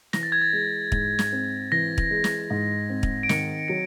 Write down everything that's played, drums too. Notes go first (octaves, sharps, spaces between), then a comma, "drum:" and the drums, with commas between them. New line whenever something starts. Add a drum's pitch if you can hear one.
E3 A#6, drum: snare
A6
G#6
A6
G#3
G#2, drum: kick
drum: snare
C4
E3 A#6
drum: kick
G#3
drum: snare
G#2
C4
drum: kick
D7
D#3 C#7, drum: snare
F#3 C#7